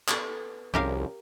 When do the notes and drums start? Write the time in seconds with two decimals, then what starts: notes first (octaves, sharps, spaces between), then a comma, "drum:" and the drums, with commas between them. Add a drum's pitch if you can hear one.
0.08 B3 A4, drum: clap
0.74 C2 F3 C#4 G4 G#4 A#4 F5